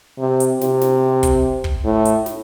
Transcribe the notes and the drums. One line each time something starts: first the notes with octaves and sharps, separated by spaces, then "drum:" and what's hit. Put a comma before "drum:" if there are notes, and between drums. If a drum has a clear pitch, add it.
C3
drum: hi-hat
C3, drum: snare
drum: snare
drum: kick, hi-hat
drum: kick
A2
drum: hi-hat
drum: snare